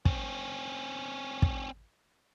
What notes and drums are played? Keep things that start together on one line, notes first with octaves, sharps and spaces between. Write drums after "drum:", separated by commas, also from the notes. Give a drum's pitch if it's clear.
C4 C#4, drum: kick
drum: kick